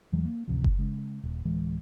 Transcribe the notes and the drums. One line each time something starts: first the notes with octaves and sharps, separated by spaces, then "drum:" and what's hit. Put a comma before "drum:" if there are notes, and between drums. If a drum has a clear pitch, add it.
E2 E3 F#3 G#3
A#3
A1 D2 C3 F3
drum: kick F#1
C#3 G#3
D#1
D1 E3 G#3